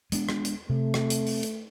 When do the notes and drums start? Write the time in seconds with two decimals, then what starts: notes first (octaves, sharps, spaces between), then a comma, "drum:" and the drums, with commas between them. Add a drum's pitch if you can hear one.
0.12 G#3 B3 D4, drum: hi-hat
0.29 drum: rim click
0.45 drum: hi-hat
0.69 C3 A3
0.94 drum: rim click
1.10 drum: hi-hat
1.27 drum: open hi-hat
1.43 drum: hi-hat